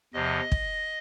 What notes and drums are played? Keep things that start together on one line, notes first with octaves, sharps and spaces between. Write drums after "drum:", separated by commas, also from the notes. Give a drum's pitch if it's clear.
E2 C3 F3 D#5
drum: kick